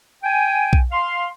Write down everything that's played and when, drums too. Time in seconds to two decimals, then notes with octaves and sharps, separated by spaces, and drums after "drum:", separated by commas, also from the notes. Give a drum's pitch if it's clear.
0.24 G5 G#5
0.73 drum: kick B1
0.92 F5 C6